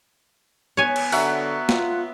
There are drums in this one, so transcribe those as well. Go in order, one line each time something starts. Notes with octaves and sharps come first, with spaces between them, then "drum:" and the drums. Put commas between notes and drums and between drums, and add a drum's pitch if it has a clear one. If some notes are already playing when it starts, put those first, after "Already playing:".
B3 C#5 G#5
drum: cymbal
D3 F#3 E5 F#5, drum: open hi-hat
F4, drum: snare